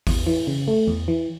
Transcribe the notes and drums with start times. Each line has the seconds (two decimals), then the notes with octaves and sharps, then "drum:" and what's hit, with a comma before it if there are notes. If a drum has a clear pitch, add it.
0.07 E2, drum: kick A1, open hi-hat
0.27 E3
0.47 C#3
0.68 A3
0.88 E2
1.08 E3